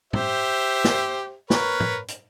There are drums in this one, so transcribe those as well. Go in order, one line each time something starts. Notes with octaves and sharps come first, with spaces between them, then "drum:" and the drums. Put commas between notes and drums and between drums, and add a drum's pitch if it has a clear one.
G4 C5 E5, drum: tom
drum: snare
A#4 B4 C#5, drum: snare
drum: tom
drum: hi-hat